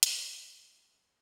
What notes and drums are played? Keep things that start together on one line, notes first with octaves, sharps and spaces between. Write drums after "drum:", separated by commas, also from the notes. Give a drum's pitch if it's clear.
D4 F#4, drum: hi-hat
B1 G4
D3 A#3 B3 G4 G5
G4 A5